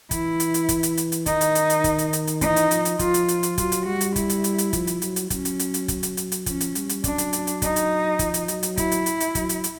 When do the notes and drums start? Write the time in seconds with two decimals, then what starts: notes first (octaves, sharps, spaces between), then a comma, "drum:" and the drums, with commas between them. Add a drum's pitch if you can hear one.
0.11 E3 E4, drum: kick, hi-hat
0.40 drum: hi-hat
0.54 drum: hi-hat
0.69 drum: kick, hi-hat
0.83 drum: hi-hat
0.97 drum: hi-hat
1.12 drum: hi-hat
1.26 D#3 D#4, drum: kick, hi-hat
1.41 drum: hi-hat
1.55 drum: hi-hat
1.70 drum: hi-hat
1.84 drum: kick, hi-hat
1.99 drum: hi-hat
2.13 drum: hi-hat
2.27 drum: hi-hat
2.41 E3 D#4, drum: kick, hi-hat
2.56 drum: hi-hat
2.71 F3, drum: hi-hat
2.85 drum: hi-hat
2.99 F3 F4, drum: kick, hi-hat
3.14 drum: hi-hat
3.28 drum: hi-hat
3.43 drum: hi-hat
3.58 F#3 F4, drum: kick, hi-hat
3.72 drum: hi-hat
3.86 G3 F#4
4.01 drum: hi-hat
4.16 E4, drum: kick, hi-hat
4.30 drum: hi-hat
4.44 drum: hi-hat
4.58 drum: hi-hat
4.73 F3, drum: kick, hi-hat
4.87 drum: hi-hat
5.02 F#3, drum: hi-hat
5.16 drum: hi-hat
5.30 F#3 C#4, drum: kick, hi-hat
5.45 drum: hi-hat
5.59 drum: hi-hat
5.74 drum: hi-hat
5.88 drum: kick, hi-hat
6.03 drum: hi-hat
6.17 drum: hi-hat
6.32 drum: hi-hat
6.46 F3 C#4, drum: kick, hi-hat
6.61 drum: hi-hat
6.75 G3, drum: hi-hat
6.89 drum: hi-hat
7.04 F#3 D4, drum: kick, hi-hat
7.18 drum: hi-hat
7.33 drum: hi-hat
7.47 drum: hi-hat
7.62 D#4, drum: kick, hi-hat
7.76 drum: hi-hat
8.19 F3, drum: kick, hi-hat
8.34 drum: hi-hat
8.48 F#3, drum: hi-hat
8.63 drum: hi-hat
8.77 E4, drum: kick, hi-hat
8.92 drum: hi-hat
9.06 drum: hi-hat
9.20 drum: hi-hat
9.35 F#3, drum: kick, hi-hat
9.49 drum: hi-hat
9.64 drum: hi-hat